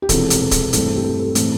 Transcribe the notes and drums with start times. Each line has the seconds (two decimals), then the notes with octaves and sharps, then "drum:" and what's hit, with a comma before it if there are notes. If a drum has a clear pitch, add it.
0.02 G4
0.09 E1 E2 C3 F3 A4, drum: kick D1, hi-hat
0.30 drum: hi-hat
0.41 A4
0.51 drum: kick D1, hi-hat
0.73 G2 E3 A3 C4 A4, drum: hi-hat
0.97 G4
1.04 A4
1.20 A4
1.35 A2 E3 A3 C4 A4, drum: hi-hat